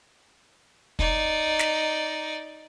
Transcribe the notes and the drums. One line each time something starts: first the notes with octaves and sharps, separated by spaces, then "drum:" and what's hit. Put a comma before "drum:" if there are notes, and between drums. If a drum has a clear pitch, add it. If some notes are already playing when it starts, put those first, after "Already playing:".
D#4 D5, drum: kick
drum: snare